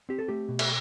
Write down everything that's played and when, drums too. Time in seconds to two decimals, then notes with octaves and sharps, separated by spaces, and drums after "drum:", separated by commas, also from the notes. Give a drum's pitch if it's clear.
0.09 C4 G4
0.19 A4
0.28 A3 G4
0.48 B2
0.59 E5, drum: cymbal